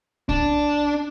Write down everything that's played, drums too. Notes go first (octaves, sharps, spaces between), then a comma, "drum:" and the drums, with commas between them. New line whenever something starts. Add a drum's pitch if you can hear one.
D4, drum: kick B1